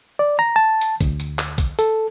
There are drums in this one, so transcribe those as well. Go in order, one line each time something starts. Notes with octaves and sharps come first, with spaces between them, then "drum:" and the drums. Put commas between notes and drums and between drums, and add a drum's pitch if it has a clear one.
D5
A#5
A5
drum: hi-hat
D2, drum: kick, hi-hat
drum: hi-hat
drum: clap
drum: kick, hi-hat
A4, drum: hi-hat